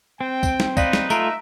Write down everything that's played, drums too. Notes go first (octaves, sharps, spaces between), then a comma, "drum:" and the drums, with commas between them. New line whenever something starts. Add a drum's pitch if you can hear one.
C4 G5
drum: kick, tambourine
drum: snare
D#4 B4 D5 F5, drum: kick, tambourine
drum: snare
A3 F4 E5 A#5 D7, drum: tambourine